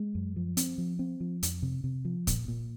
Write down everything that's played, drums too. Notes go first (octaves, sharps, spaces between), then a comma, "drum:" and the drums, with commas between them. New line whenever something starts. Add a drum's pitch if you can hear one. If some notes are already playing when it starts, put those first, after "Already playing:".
Already playing: G#3
F#2
F3
C4, drum: hi-hat
F3
C4
F3
F2, drum: hi-hat
C3
C3
F3
A#2, drum: kick, hi-hat
A#2